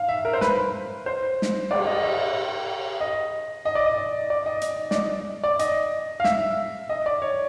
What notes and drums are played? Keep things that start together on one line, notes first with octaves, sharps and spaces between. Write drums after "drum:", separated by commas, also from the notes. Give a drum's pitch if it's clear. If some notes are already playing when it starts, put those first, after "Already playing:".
Already playing: F5
E5
A#4
C5
B4, drum: snare
C5
drum: snare
D5, drum: cymbal
D#5
E5
D#5
D#5
D5
D#5
D5
D#5
drum: hi-hat
D5, drum: snare
D#5
D5
D#5, drum: hi-hat
F5
E5, drum: snare
D#5
D5
C#5